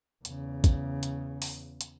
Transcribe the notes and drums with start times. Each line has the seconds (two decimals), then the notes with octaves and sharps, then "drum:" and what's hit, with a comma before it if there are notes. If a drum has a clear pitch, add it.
0.25 E2 C#3, drum: hi-hat
0.64 drum: kick, hi-hat
1.03 drum: hi-hat
1.42 drum: open hi-hat
1.81 drum: hi-hat